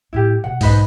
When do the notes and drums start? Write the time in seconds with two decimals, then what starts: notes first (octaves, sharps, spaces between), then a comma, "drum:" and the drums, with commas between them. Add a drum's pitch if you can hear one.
0.13 A2 G#3 E4 G4
0.44 B2 F#5
0.61 G#2 D#4 B4 D#5, drum: kick B1, open hi-hat